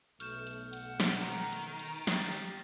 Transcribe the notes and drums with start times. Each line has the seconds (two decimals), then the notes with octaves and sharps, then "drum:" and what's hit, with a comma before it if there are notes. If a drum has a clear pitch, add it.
0.20 B1 A3 C#6 F6 G6 E7, drum: hi-hat
0.47 drum: hi-hat
0.73 F#5, drum: hi-hat
1.00 drum: snare
1.22 D#3
1.53 drum: hi-hat
1.79 drum: hi-hat
2.07 G4 A6 A#6 C7, drum: snare
2.32 drum: hi-hat